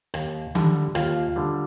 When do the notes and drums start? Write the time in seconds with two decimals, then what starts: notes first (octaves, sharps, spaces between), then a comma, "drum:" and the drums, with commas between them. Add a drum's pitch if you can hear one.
0.14 D#2, drum: rim click
0.55 D3 G3, drum: tom D#3
0.95 D#2 F4, drum: rim click
1.36 D3 G3